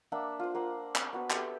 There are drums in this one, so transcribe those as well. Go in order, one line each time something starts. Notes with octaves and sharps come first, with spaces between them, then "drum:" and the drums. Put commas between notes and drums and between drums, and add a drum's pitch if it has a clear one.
A#3 D4 E5 F#5
F4 C5
A#3 C5 F#5
drum: clap
B3 F#4 B4
G4 A4 E5, drum: clap